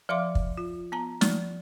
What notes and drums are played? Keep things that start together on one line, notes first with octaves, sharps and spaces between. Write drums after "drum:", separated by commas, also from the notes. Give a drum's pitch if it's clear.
F3 E5 F5 C6 D6
drum: kick
F4
B3 A5 A#5
F3 A3, drum: snare